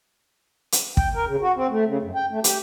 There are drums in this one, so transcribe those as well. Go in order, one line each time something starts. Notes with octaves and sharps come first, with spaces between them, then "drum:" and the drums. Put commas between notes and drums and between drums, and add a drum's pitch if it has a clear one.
drum: hi-hat
G5, drum: kick
A#4
C#3
F#4
C4
A3
C#3
F#2
G5
A3
G4, drum: hi-hat